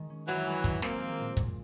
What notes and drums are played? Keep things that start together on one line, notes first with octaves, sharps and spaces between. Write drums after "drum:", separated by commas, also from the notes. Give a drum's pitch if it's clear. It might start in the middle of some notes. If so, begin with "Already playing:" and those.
Already playing: D#3 G#3
C#4
F#2 E3 F#3, drum: hi-hat
G#3
D#3, drum: kick, hi-hat
G#3 A#3 C4, drum: snare
F3
A#2
A#2, drum: kick, hi-hat